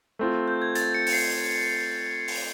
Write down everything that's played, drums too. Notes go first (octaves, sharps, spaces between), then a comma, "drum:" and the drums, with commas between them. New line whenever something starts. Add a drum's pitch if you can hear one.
A3 C4 F4
G6
G#6
A6, drum: hi-hat
C#7
C#7, drum: open hi-hat
C7
drum: open hi-hat